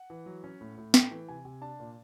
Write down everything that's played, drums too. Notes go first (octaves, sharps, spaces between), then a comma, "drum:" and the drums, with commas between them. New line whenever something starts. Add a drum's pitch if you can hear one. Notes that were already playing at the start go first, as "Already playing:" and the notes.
Already playing: F#5
E3
F#3
C#4
A2
A2
A3 G5, drum: snare
E3
C3 G#5
C3
D4 A5
A#2